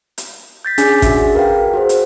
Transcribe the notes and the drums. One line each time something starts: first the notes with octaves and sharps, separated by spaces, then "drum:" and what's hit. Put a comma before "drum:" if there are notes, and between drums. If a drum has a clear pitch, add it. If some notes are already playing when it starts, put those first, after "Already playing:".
drum: hi-hat
G6 A6 B6
C#4 D4 G#4 G#5 D6, drum: hi-hat
F#4 E5, drum: kick G#1, hi-hat
G#4
A#4 B4 F5 G5
F#4 G#4 C5
drum: hi-hat